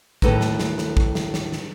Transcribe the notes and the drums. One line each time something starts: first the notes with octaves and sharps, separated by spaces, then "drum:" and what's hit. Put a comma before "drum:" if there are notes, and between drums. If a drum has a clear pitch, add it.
D#2 A2 A4 B4 A#5, drum: kick
drum: snare
drum: snare
drum: snare
drum: kick
drum: snare
drum: snare
drum: snare